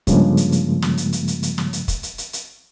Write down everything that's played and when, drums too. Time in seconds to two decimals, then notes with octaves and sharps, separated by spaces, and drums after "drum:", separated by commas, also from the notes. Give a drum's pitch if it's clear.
0.07 G2 C#3 F3 G#3 A#3, drum: kick, hi-hat
0.37 drum: hi-hat
0.52 drum: hi-hat
0.82 drum: snare
0.97 drum: hi-hat
1.13 drum: hi-hat
1.28 drum: hi-hat
1.43 drum: hi-hat
1.58 drum: snare
1.73 drum: hi-hat
1.88 drum: kick, hi-hat
2.03 drum: hi-hat
2.18 drum: hi-hat
2.33 drum: hi-hat